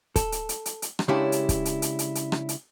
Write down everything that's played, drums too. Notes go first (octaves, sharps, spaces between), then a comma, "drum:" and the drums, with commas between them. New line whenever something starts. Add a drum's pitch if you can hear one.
A4, drum: kick, hi-hat
drum: hi-hat
drum: hi-hat
drum: hi-hat
drum: hi-hat
drum: rim click
C#3 G#3 C#4 D4 E4 G4
drum: hi-hat
drum: kick, hi-hat
drum: hi-hat
drum: hi-hat
drum: hi-hat
drum: hi-hat
drum: rim click
drum: hi-hat